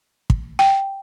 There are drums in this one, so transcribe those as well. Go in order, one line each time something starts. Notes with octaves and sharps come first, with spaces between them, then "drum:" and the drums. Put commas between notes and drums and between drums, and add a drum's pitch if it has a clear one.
drum: kick
G5